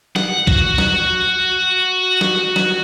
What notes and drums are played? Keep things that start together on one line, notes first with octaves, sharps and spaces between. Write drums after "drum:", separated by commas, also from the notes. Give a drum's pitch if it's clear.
F#5, drum: snare
F#4, drum: kick C2
drum: snare
drum: snare
drum: snare